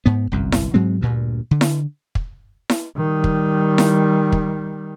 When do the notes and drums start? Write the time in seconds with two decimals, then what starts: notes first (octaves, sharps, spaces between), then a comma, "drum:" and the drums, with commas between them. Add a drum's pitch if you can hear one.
0.06 G#2 B3
0.32 G1 C2 F#2
0.52 drum: snare E4
0.74 G#2 F#3 G#3 C4
1.01 D2 G2 A#2
1.51 D3
1.61 drum: snare E4
2.15 drum: kick
2.70 drum: snare E4
2.97 D#3 G3
3.24 drum: kick
3.78 drum: snare E4
4.32 drum: kick